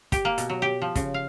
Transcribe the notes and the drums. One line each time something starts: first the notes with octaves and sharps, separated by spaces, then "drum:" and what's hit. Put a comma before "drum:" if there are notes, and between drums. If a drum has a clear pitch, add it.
G4, drum: kick, hi-hat
A#3
B2, drum: hi-hat
F#3
G4
F3
C#3, drum: kick, hi-hat
F5